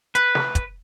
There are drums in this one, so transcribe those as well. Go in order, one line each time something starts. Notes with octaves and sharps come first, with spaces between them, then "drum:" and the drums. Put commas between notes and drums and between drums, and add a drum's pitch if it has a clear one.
B4, drum: hi-hat
drum: snare
drum: kick, hi-hat